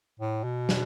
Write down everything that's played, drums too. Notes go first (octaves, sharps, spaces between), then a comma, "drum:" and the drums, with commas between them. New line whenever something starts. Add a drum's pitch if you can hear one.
A2
B2
drum: snare